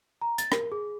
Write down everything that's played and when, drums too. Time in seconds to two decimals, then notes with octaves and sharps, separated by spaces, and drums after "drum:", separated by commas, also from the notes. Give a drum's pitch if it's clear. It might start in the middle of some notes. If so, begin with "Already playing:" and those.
0.21 A#5
0.38 A6, drum: hi-hat
0.52 A#4, drum: rim click
0.72 G#4